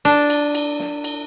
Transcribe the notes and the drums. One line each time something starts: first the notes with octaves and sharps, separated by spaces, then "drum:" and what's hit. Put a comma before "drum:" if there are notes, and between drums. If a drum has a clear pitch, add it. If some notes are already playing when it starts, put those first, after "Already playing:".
D4, drum: cymbal
drum: cymbal
drum: cymbal
drum: snare
drum: cymbal